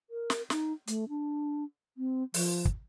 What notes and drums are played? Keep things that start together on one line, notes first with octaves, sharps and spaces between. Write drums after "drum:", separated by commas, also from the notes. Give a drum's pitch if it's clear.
A#4
drum: snare
D#4, drum: snare
A3, drum: hi-hat
D4
C4
F3, drum: open hi-hat
drum: kick